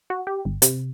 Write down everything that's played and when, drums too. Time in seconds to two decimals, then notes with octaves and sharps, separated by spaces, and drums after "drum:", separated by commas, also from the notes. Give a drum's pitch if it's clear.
0.10 F#4
0.27 G4
0.45 G1
0.62 C3, drum: hi-hat